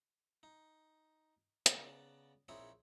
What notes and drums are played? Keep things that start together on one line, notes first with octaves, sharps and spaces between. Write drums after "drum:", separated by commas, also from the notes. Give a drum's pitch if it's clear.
D#4
C#3 B3 D5 A5 A#5, drum: hi-hat
A#1 C4 D#4 E4 G#4 C#5